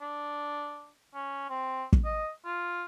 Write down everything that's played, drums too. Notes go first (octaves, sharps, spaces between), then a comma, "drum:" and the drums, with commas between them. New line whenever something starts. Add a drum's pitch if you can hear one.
D4
C#4
C4
drum: kick
D#5
F4